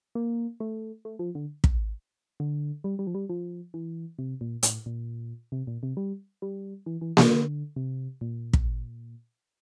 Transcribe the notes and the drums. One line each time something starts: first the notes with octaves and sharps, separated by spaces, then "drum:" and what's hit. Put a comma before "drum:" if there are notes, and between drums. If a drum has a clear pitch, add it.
A#3
A3
A3
F3
D3
drum: kick
D3
G3
G3
F3
G3
F3
E3
C3
A#2
A2, drum: hi-hat
A#2
C3
A#2
C3
G3
G3
E3
E3
E3, drum: snare A#3
D3
C3
A#2
drum: kick